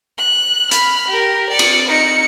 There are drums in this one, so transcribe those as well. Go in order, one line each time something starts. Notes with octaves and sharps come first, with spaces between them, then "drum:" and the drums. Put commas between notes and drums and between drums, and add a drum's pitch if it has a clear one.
F#6
B5 F6, drum: hi-hat
G4 A#4
D5 C#7
drum: cymbal
D#4 C#7